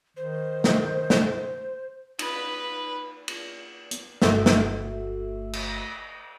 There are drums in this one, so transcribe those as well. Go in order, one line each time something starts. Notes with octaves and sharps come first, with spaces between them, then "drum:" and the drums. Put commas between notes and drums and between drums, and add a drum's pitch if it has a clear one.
D#3 C5
drum: snare
drum: snare
D#4 B4, drum: cymbal
drum: cymbal
drum: hi-hat
G1 A3 F#4 E5, drum: snare
drum: snare
drum: cymbal